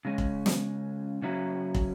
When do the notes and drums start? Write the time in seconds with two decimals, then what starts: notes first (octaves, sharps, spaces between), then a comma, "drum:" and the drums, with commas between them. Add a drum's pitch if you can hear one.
0.05 C#3 G#3 C#4
0.18 drum: kick
0.46 drum: snare
1.22 C#3 F#3 C#4 E4
1.75 drum: kick